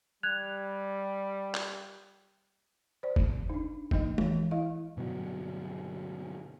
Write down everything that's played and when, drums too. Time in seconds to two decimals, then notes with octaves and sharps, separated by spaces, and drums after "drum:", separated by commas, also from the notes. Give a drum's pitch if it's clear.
0.23 G3 F#6 G#6 F7
1.54 drum: clap
3.03 C5 D5
3.16 drum: kick F#1
3.49 D4 D#4
3.91 F3 A#3 D#4 D#5, drum: kick F#1
4.18 E3, drum: tom
4.51 E4 D#5 F5
4.97 G2 B2 D3 F#3